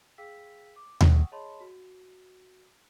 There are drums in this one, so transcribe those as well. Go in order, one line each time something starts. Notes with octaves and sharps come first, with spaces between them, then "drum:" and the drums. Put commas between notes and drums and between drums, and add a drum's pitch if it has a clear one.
G#4 F5 G5 E6 B6
D6
F#5 G5 C#6 D#6 E6, drum: tom D#2
G#4 C#5 D#5 A5 B5 C6
F#4